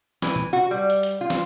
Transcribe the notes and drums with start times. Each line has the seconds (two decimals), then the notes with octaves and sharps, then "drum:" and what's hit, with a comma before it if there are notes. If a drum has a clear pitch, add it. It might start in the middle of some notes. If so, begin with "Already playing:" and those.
0.22 E3, drum: snare
0.36 drum: tom A#2
0.53 F#4
0.71 G3
0.90 drum: hi-hat
1.03 drum: hi-hat
1.21 F4
1.30 drum: snare